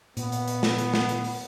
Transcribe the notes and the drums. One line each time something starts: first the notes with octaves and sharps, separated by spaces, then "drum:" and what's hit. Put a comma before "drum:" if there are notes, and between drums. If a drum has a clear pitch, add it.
A#2 B3, drum: hi-hat
drum: hi-hat
drum: hi-hat
drum: snare
drum: hi-hat
drum: snare
drum: hi-hat
drum: open hi-hat